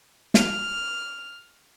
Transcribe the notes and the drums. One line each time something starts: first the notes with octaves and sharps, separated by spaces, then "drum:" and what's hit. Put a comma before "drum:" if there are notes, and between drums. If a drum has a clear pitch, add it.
F6, drum: snare